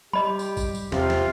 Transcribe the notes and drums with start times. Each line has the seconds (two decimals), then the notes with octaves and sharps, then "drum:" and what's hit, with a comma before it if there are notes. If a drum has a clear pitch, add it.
0.13 G3 G4 D#5 B5
0.39 drum: tambourine
0.57 drum: kick, tambourine
0.75 drum: tambourine
0.92 E2 C3 F4, drum: snare
1.10 drum: snare